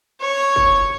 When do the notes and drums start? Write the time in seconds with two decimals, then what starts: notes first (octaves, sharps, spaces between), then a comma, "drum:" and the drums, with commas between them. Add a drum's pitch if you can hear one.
0.21 C#5
0.56 drum: kick